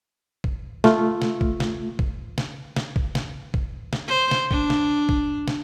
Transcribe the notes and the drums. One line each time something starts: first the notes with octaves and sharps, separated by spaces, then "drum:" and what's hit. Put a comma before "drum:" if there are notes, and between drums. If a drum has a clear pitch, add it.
drum: kick
A3 F4, drum: snare
drum: snare
drum: kick
drum: snare
drum: kick
drum: snare
drum: snare
drum: kick
drum: snare
drum: kick
drum: snare
C5
drum: snare
D4, drum: kick
drum: snare
drum: kick
drum: snare